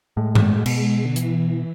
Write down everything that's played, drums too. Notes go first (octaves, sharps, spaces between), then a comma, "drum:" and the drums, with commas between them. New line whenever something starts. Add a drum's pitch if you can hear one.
A2 G#3
drum: tom G2
B2, drum: cymbal
D3
E3, drum: hi-hat